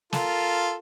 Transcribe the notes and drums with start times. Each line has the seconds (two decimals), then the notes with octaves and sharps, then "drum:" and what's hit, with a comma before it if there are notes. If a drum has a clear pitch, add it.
0.13 F4 A4 A#4, drum: snare